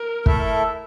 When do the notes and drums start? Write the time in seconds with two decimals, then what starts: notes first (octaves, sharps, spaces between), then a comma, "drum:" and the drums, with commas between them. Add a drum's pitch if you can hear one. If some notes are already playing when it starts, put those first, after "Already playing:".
Already playing: A#4
0.26 A3 E4 A4 E5, drum: kick